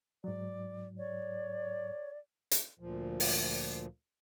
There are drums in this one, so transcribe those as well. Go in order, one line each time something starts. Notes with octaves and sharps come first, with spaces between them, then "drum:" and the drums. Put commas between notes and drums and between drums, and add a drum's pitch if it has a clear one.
G#2 F#3 D5
C#5 D5
drum: hi-hat
D2 A#2 F3
drum: open hi-hat